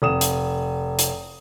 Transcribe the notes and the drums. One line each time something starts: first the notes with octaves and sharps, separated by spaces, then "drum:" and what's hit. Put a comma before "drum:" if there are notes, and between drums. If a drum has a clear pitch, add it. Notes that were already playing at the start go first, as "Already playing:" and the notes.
F1 D#6 E7
drum: hi-hat
drum: hi-hat